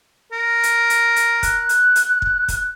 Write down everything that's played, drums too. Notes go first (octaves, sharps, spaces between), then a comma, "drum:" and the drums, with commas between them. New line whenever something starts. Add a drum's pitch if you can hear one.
A#4
drum: hi-hat
drum: hi-hat
drum: hi-hat
F#6, drum: kick, hi-hat
drum: hi-hat
drum: hi-hat
drum: kick
drum: kick, hi-hat